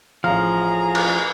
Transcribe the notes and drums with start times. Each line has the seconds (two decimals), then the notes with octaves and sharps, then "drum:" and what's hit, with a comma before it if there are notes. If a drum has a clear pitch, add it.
0.24 A1 F3 G#4 F5 A#5 F6
0.95 drum: cymbal